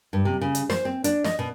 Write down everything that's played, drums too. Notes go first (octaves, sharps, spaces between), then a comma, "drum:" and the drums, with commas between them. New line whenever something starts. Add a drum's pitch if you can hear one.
G2
C3
C#3
drum: hi-hat
C5, drum: snare
C4
D4, drum: hi-hat
D#5, drum: snare
B2